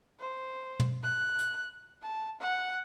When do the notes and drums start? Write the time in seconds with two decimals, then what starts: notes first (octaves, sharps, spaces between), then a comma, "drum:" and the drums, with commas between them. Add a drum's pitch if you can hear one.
0.20 C5
0.80 drum: tom
1.03 F#6
1.39 drum: hi-hat
2.02 A5
2.41 F#5